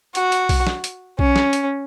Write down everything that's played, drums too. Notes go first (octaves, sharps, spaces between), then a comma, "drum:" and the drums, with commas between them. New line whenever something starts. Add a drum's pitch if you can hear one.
F#4, drum: hi-hat
drum: hi-hat
drum: kick B1, open hi-hat
drum: snare
drum: hi-hat
C#4, drum: kick B1
drum: snare
drum: hi-hat